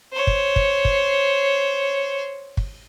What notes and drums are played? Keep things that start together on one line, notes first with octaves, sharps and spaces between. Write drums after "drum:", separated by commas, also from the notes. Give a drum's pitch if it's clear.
C5 C#5
drum: kick
drum: kick
drum: kick
drum: kick